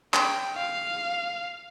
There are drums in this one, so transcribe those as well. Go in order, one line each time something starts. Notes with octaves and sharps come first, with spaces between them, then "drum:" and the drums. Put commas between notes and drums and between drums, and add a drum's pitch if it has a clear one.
G5, drum: clap
F5